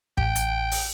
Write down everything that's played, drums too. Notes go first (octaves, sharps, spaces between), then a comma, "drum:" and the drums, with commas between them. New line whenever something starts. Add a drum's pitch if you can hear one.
A1 G5, drum: kick
drum: hi-hat
drum: open hi-hat